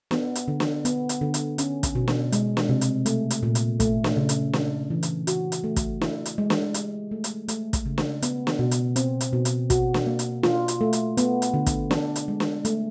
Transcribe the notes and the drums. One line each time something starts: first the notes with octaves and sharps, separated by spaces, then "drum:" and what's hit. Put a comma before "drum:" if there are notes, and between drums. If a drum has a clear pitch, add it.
B3, drum: snare
drum: hi-hat
D3
drum: snare
B3, drum: hi-hat
drum: hi-hat
D3
drum: hi-hat
C#4, drum: hi-hat
drum: kick, hi-hat
B2
drum: snare
G#3, drum: hi-hat
drum: snare
C3
drum: hi-hat
A3, drum: hi-hat
drum: hi-hat
A#2
drum: hi-hat
A3, drum: kick, hi-hat
drum: snare
C#3
drum: hi-hat
D4, drum: snare
E3
drum: hi-hat
F#4, drum: hi-hat
drum: hi-hat
A3
drum: kick, hi-hat
E4, drum: snare
drum: hi-hat
G#3
drum: snare
G4, drum: hi-hat
A3
drum: hi-hat
A3, drum: hi-hat
drum: kick, hi-hat
C#3
drum: snare
B3, drum: hi-hat
drum: snare
B2
drum: hi-hat
C4, drum: hi-hat
drum: hi-hat
B2
drum: hi-hat
F#4, drum: kick, hi-hat
drum: snare
A#3
drum: hi-hat
F4, drum: snare
drum: hi-hat
A3
drum: hi-hat
B3, drum: hi-hat
drum: hi-hat
D3
drum: kick, hi-hat
D4, drum: snare
drum: hi-hat
G#3
drum: snare
A3, drum: hi-hat